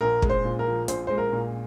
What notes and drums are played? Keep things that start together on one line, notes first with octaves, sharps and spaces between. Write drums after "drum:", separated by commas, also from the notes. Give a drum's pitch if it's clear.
A#1 A#4
G#3, drum: kick
C5
A#2
A#4
F3
A#1 C5, drum: hi-hat
C5
G#3
A#4
A#2